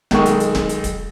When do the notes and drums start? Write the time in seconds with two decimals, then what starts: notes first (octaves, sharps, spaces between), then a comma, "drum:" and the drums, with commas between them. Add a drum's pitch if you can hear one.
0.11 B1 D#3 G#3 C#6, drum: snare D1
0.26 drum: hi-hat
0.40 drum: hi-hat
0.55 drum: snare D1
0.69 drum: hi-hat
0.84 drum: kick, hi-hat